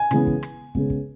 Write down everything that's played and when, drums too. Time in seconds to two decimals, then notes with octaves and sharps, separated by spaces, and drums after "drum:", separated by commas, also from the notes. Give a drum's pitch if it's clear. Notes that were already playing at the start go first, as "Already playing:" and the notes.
Already playing: G#5
0.11 C#3 E3 G#3 B3, drum: rim click
0.27 drum: kick
0.43 drum: rim click
0.75 C#3 G#3 B3, drum: kick
0.90 drum: kick